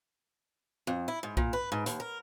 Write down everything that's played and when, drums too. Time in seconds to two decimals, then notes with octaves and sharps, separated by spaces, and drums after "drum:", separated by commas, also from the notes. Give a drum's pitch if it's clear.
0.87 F2
1.08 E4
1.23 G#2
1.37 A#2, drum: kick B1
1.53 B4
1.72 G#2
1.86 D#2, drum: hi-hat
2.00 A#4